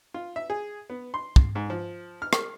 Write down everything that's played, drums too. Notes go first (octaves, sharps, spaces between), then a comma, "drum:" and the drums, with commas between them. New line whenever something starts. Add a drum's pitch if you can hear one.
F4
E5
G#4
B3
C6
drum: kick
G#2
F3
F6
drum: rim click